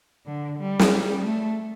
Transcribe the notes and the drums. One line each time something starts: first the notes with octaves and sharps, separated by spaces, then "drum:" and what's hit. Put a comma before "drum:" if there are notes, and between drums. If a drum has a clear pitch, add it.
D3
G3
drum: snare
G3
A3